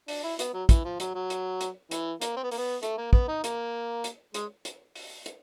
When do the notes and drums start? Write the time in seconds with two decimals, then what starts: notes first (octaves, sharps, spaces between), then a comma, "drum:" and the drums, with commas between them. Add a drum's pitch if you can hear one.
0.08 D4, drum: open hi-hat
0.24 E4
0.39 B3, drum: hi-hat
0.54 F#3
0.69 E3, drum: kick, hi-hat
0.85 F3
1.00 F#3, drum: hi-hat
1.15 F#3
1.30 drum: hi-hat
1.61 drum: hi-hat
1.91 E3, drum: hi-hat
2.22 A#3, drum: hi-hat
2.37 C4
2.43 B3
2.51 A#3, drum: open hi-hat
2.58 B3
2.83 A3, drum: hi-hat
2.98 A#3
3.13 B3, drum: kick
3.28 D#4
3.44 A#3, drum: hi-hat
4.04 drum: hi-hat
4.34 G#3, drum: hi-hat
4.65 drum: hi-hat
4.95 drum: open hi-hat
5.26 drum: hi-hat